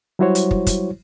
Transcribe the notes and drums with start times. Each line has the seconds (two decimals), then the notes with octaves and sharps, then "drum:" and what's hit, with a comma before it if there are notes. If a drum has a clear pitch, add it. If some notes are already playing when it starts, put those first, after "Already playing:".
0.19 F#3 G3 E4 F#4 C5 C#5
0.35 drum: hi-hat
0.51 drum: kick
0.67 drum: kick, hi-hat